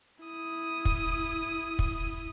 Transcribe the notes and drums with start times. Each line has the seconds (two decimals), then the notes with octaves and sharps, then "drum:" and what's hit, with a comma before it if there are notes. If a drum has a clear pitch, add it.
0.23 E4 D#6
0.85 drum: kick
1.79 drum: kick